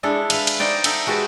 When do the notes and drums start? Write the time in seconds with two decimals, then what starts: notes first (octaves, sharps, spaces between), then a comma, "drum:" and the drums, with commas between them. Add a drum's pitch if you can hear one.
0.03 G#3 D4 E4 A4
0.30 B4 E5 F5, drum: cymbal
0.47 drum: cymbal
0.59 D#4 C5 D5 G5
0.84 D#4 A4 E5 F#5 G5, drum: cymbal
1.07 G#3 F#4 G4 B4 A5